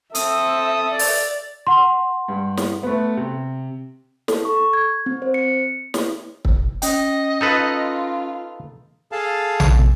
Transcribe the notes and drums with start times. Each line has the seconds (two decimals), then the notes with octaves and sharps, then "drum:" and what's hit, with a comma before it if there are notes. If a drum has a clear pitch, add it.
0.15 C4 A4 E5 D#6, drum: hi-hat
0.90 D5
0.99 drum: open hi-hat
1.67 F#5 C6
2.28 G2
2.57 drum: snare
2.83 A3 B3
3.17 C3
4.28 A4, drum: snare
4.45 C#6
4.73 G#6
5.06 C4
5.22 C5
5.34 C#7
5.94 drum: snare
6.45 drum: kick
6.82 C#4 D#5 G5, drum: hi-hat
7.41 D#4 F4 A4 B4
9.12 G#4 A4 F5 A5
9.60 drum: tom A#1